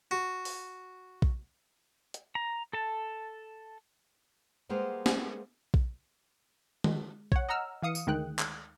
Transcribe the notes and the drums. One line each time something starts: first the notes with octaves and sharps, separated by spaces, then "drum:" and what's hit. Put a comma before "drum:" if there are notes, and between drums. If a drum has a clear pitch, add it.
F#4
drum: open hi-hat
drum: kick A#1
drum: hi-hat
A#5
A4 A5
G3 G#3 A#3 B3 A#4 C5
drum: snare
drum: kick A#1
G#3, drum: tom D#3
C#5 F#5, drum: kick A#1
D#5 F#5 A#5 E6 F6
E3 F5 D#6 C#7
drum: tambourine
D2 D#3 G#3 G5 F#6
drum: clap